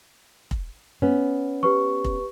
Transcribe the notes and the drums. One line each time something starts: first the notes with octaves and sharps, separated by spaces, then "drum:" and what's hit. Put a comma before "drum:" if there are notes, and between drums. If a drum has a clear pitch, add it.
drum: kick
B3 C#4
G4 B4 C#6
drum: kick